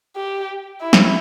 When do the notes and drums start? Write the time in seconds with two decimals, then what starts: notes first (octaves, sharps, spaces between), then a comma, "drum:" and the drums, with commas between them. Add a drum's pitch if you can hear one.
0.16 G4
0.81 E4
0.93 drum: snare